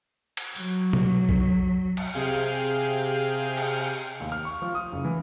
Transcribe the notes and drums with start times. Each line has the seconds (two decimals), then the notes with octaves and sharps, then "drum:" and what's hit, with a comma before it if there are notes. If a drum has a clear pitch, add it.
0.37 drum: cymbal
0.56 F#3, drum: tambourine
0.93 drum: tom B2
1.29 drum: kick B1
1.97 drum: cymbal
2.13 C3 G#4 F5 G5
3.57 drum: cymbal
4.20 D#2
4.32 F6
4.45 C#6
4.62 F3
4.75 D#6
4.92 F#1
5.05 E3